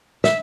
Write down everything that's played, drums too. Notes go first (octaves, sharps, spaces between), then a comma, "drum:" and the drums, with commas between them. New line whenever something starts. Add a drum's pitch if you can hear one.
E5, drum: snare